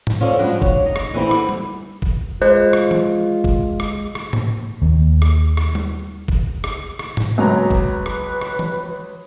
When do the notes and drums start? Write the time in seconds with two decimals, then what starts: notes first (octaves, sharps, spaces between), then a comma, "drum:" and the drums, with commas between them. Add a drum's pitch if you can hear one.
0.07 drum: tom G#2
0.20 C#4 F4 A4 C5 D5
0.39 F3 G3 G#3 D4 F#4
0.62 C#5, drum: kick
0.86 D#4
0.96 drum: rim click
1.13 D3 E3 B3 C4 E4 G4
1.31 drum: rim click
1.49 drum: tom G3
2.02 drum: kick
2.42 G#3 F4 C5
2.73 drum: rim click
2.91 drum: tom E3
3.44 drum: kick
3.80 drum: rim click
4.15 drum: rim click
4.33 drum: tom G#2
4.82 D#2
5.22 drum: rim click
5.57 drum: rim click
5.75 drum: tom G3
6.28 drum: kick
6.64 drum: rim click
6.99 drum: rim click
7.17 drum: tom G#2
7.38 C#2 F#3 B4 A#5
7.70 drum: kick
8.06 drum: rim click
8.41 drum: rim click
8.59 drum: tom E3